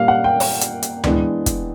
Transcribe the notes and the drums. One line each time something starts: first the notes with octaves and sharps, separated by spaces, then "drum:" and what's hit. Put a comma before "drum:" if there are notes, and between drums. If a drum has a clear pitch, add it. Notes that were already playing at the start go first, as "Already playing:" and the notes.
Already playing: A#2 G3 A#3 F5
F#5
G5
drum: open hi-hat
drum: hi-hat
drum: hi-hat
E3 G#3 B3 D4, drum: tom D2
drum: kick, hi-hat